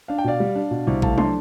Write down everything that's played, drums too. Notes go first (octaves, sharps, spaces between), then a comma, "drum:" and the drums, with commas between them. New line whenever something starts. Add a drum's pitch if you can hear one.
D4 F5
G5
B2 D5 F5
G3
D4
B2
C2
A3 F5 A5, drum: kick A1
D4 A5 C6, drum: tom